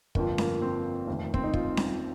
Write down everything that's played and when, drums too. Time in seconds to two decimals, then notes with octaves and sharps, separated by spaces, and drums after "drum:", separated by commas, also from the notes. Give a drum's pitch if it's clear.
0.15 G1 F2 F3 A#3, drum: kick
0.38 A#3, drum: snare C#4
0.62 C4
1.07 F1 D#2 D#3
1.34 C4, drum: kick
1.44 D#4
1.53 F4, drum: kick
1.77 drum: snare C#4